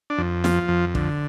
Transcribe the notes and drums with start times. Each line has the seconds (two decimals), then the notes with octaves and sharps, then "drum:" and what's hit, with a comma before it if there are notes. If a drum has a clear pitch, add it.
0.10 D4
0.18 F2
0.44 F3, drum: snare
0.68 F2
0.95 D3, drum: kick